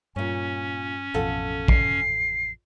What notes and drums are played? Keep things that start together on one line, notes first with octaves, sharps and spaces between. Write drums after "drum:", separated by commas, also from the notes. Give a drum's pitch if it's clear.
G2 A#2 C#4 C#5
A1 F2 B2 F4 A4 F#5
C7, drum: kick